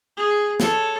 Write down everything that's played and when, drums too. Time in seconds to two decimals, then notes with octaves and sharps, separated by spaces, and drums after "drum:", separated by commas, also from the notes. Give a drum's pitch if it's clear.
0.17 G#4
0.60 A4 C#5, drum: snare